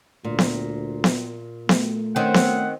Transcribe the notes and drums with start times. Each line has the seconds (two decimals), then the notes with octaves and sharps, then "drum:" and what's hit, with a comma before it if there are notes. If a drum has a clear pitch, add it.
0.24 D2 A#2
0.39 drum: snare B3
1.04 drum: snare B3
1.69 A3, drum: snare B3
2.16 D#3 C4 C#4 F#5
2.34 drum: snare B3